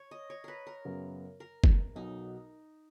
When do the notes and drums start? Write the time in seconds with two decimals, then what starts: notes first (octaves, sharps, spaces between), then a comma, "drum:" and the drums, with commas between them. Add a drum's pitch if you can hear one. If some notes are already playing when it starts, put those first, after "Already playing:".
Already playing: C#5
0.11 D#5
0.30 C#5
0.44 A#4 B4
0.67 A#4
0.85 F#2 C#3 F#3 B3
1.40 A#4
1.64 drum: kick F#1
1.95 B1 B2 F#3 D#4